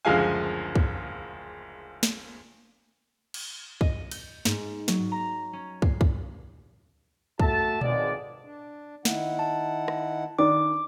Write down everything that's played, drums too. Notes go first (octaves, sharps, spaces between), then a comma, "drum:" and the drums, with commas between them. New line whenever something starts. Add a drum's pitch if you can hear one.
F#1 D2 F3 G#3 F5 G#5
drum: kick
drum: snare
drum: cymbal
D#5, drum: kick
G6, drum: cymbal
G#2, drum: snare
F#3, drum: snare
A#5
C#4
C7, drum: kick
drum: kick
A3 F#4 A4 E5 A5, drum: kick
G#1 C#2 G#2 G#3 D5, drum: tom A#2
D4
D#3 E4 F#5, drum: snare
A5
drum: rim click
D#3 D4 D6